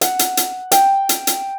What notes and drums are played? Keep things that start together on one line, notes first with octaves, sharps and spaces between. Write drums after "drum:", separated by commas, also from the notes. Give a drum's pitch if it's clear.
F#5, drum: hi-hat
drum: hi-hat
drum: hi-hat
G5, drum: hi-hat
drum: hi-hat
drum: hi-hat